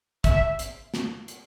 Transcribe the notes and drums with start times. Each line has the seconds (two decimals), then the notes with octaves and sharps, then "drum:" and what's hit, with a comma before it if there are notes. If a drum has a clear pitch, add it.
0.24 E5, drum: kick, hi-hat
0.59 drum: hi-hat
0.94 drum: snare
1.28 drum: hi-hat